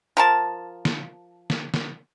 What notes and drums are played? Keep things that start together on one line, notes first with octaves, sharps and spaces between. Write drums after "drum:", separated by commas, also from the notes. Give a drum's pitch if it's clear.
F3 A#4 A5
drum: snare
drum: snare
drum: snare